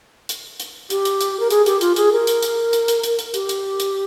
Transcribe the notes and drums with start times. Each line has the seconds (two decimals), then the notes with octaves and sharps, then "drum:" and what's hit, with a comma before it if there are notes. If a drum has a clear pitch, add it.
0.29 drum: hi-hat
0.60 drum: hi-hat
0.90 G4, drum: hi-hat
1.05 drum: hi-hat
1.21 drum: hi-hat
1.40 A#4
1.50 G#4, drum: hi-hat
1.66 G4, drum: hi-hat
1.81 F4, drum: hi-hat
1.96 G#4, drum: hi-hat
2.12 A#4
2.27 drum: hi-hat
2.42 drum: hi-hat
2.73 drum: hi-hat
2.88 drum: hi-hat
3.03 drum: hi-hat
3.19 drum: hi-hat
3.34 G4, drum: hi-hat
3.49 drum: hi-hat
3.80 drum: hi-hat